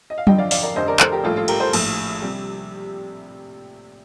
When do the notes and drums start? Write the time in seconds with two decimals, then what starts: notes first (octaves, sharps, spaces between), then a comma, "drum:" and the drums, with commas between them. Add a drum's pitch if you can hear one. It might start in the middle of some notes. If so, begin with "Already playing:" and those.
0.10 D#5
0.18 F5
0.27 F2 D3 F3 D#5 G5, drum: tom F#3
0.38 D5 F5
0.51 D5 F5, drum: open hi-hat
0.63 A#4 D5
0.75 F1 F2 D3 F3 C5 D#5
0.88 A#4 D5
1.00 A4 C5, drum: clap
1.12 G4 A#4
1.24 A#1 A2 G3 F4 A4
1.36 F4 A4
1.48 G4 A#4, drum: cymbal
1.60 A4 C5
1.73 A#1 A2 F3, drum: cymbal
2.22 C3 G3